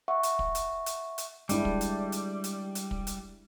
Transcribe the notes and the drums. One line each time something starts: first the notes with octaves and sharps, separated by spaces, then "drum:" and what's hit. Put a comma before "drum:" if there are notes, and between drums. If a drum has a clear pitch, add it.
E5 F#5 C#6
drum: hi-hat
drum: kick
drum: hi-hat
drum: hi-hat
drum: hi-hat
G3 G#3 D4 E4, drum: hi-hat
drum: kick
drum: hi-hat
drum: hi-hat
drum: hi-hat
drum: hi-hat
drum: kick
drum: hi-hat